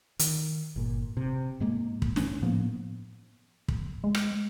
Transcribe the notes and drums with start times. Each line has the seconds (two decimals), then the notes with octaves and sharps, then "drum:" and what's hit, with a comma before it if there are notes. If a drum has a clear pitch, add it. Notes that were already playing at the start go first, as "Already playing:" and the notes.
0.19 D#3, drum: hi-hat
0.76 G1 A#2
1.17 C3
1.60 G#2 G#3 A#3
2.02 drum: kick
2.16 G#2 E3 C#4 D4, drum: snare
2.42 A2 F3 A#3 B3
3.68 drum: kick
4.04 G#3
4.15 drum: rim click